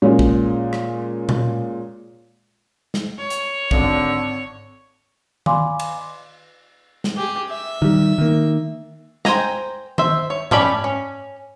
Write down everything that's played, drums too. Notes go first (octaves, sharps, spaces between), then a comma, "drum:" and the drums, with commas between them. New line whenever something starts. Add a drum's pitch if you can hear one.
A#2 G#3 C#4
drum: kick
drum: rim click
drum: tom A#2
drum: snare
C#5
drum: hi-hat
G#1 D3, drum: kick
D5 F5 G#5 B5 C6 D6, drum: tom D#3
drum: cymbal
drum: snare
G4 G#4
E5
D#3 G3
D#3 A#3
C5 G5 G#5 A#5, drum: snare
C5 E5, drum: tom D#3
C#5
A3 C#4 G4 D5 B5, drum: tom G#2
C#4